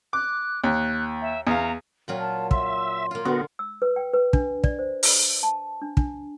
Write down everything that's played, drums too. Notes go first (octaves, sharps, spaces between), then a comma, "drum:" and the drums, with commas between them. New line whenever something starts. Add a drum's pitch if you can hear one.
D6 F#6
D#2 F#6
E5
E2 F5 A#5
A#2 F#3 F4
A5
E5 C6, drum: kick
A#3 F4
D3 B3 F#4
E6
B4
G5
B4
D4, drum: kick
D5, drum: kick
C5
drum: open hi-hat
A5
D4
D4, drum: kick